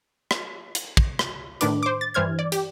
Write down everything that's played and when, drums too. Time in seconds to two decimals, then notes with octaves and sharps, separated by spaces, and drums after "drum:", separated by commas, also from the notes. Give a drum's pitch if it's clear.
0.31 drum: rim click
0.75 drum: hi-hat
0.97 drum: kick
1.19 drum: rim click
1.61 A2 D#3 D4 B4 D6, drum: hi-hat
1.83 C5 D6
2.01 A6
2.14 G2 E3 C5 F6 G#6
2.39 D5
2.52 G4, drum: hi-hat